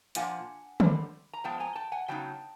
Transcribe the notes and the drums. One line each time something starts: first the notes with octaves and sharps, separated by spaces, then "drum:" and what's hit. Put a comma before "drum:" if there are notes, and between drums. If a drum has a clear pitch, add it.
A#2 F3 A#3 D4 F4 F#5 G#5, drum: hi-hat
D3 G3 C4, drum: tom D3
A#5
F3 G#3 B3 G5 A5
G#5 A#5
G5 A5
F#5 G#5
C#3 F#3 B3 D#4 G5 A5